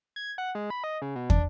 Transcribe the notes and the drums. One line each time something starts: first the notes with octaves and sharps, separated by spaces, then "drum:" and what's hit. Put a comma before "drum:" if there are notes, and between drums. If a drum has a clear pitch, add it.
G#6
F#5
G#3
B5
D#5
C#3
B2
D4, drum: kick